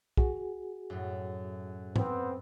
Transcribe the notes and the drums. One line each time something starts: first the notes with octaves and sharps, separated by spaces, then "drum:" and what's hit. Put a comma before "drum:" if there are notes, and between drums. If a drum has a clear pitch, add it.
F#4 G#4, drum: kick B1
F#2 A2
B3 C4, drum: tom G#2